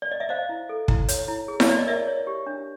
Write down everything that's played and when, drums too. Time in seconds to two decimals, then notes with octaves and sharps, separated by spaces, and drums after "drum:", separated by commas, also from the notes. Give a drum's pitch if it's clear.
0.02 D5
0.11 D#5
0.20 E5
0.29 C5 D#5 F5
0.49 E4
0.69 A4
0.88 E4, drum: kick
1.08 C#5, drum: hi-hat
1.28 E4
1.48 G#4
1.60 C#5, drum: snare E4
1.68 E4 D5
1.79 D#5
1.87 A#4 D5 E5
2.07 C#5
2.27 G4
2.46 D4